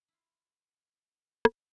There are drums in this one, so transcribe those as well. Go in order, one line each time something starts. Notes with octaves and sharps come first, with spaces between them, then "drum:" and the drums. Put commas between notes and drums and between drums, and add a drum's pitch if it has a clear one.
E4 F4
drum: rim click